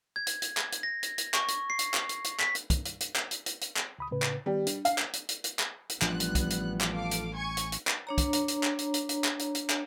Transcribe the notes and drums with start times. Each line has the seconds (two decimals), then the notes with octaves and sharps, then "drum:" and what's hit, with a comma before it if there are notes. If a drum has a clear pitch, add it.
0.16 G#6
0.27 drum: hi-hat
0.42 drum: hi-hat
0.57 drum: clap
0.72 drum: hi-hat
0.83 A#6
1.03 drum: hi-hat
1.18 drum: hi-hat
1.34 C#6, drum: clap
1.48 drum: hi-hat
1.70 C7
1.79 drum: hi-hat
1.94 drum: clap
2.09 drum: hi-hat
2.24 drum: hi-hat
2.40 B6, drum: clap
2.55 drum: hi-hat
2.70 drum: kick, hi-hat
2.85 drum: hi-hat
3.00 drum: hi-hat
3.16 drum: clap
3.31 drum: hi-hat
3.46 drum: hi-hat
3.61 drum: hi-hat
3.77 drum: clap
3.99 C#2 B5 D#6
4.11 A2 C#3 B4
4.22 drum: clap
4.46 D#3 G3 B3 G4
4.67 D4, drum: hi-hat
4.85 F5, drum: hi-hat
4.98 drum: clap
5.13 drum: hi-hat
5.29 drum: hi-hat
5.44 drum: hi-hat
5.59 drum: clap
5.89 drum: hi-hat
6.02 A1 F3 G3 B3 D4 F#6, drum: clap
6.20 drum: hi-hat
6.35 drum: kick, hi-hat
6.50 drum: hi-hat
6.81 drum: clap
6.90 A4 F5 D6
7.11 drum: hi-hat
7.35 G#5 C#6 G#6
7.57 drum: hi-hat
7.72 drum: hi-hat
7.87 drum: clap
8.07 D4 C#5 A#5
8.18 drum: kick, hi-hat
8.33 drum: hi-hat
8.48 drum: hi-hat
8.63 drum: clap
8.79 drum: hi-hat
8.94 drum: hi-hat
9.09 drum: hi-hat
9.24 drum: clap
9.39 drum: hi-hat
9.55 drum: hi-hat
9.70 drum: clap